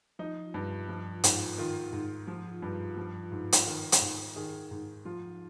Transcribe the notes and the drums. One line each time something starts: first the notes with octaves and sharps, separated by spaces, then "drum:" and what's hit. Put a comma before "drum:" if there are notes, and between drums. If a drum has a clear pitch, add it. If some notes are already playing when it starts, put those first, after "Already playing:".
F3 D#4
G2
F3
G#2, drum: hi-hat
D#3 F4
G#2
F3
G2
F3
G#2
drum: hi-hat
D#3
drum: hi-hat
G#2
D#3 G#4
G#2
F3 F4